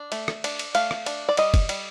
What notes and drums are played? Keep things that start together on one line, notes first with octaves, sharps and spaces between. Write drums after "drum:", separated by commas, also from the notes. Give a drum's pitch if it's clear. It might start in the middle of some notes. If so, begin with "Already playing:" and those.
Already playing: D4
A3, drum: cymbal
drum: rim click
D4, drum: cymbal
drum: cymbal
A3 F5, drum: cymbal
drum: rim click
D4, drum: cymbal
D5
G3 D#5, drum: cymbal
drum: kick, cymbal
G3, drum: cymbal